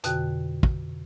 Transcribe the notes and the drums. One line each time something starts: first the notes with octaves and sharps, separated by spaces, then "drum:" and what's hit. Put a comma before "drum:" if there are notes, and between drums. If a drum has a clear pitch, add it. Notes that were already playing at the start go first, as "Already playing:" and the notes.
F2 B2 D3 F#4 G5 F#6, drum: hi-hat
drum: kick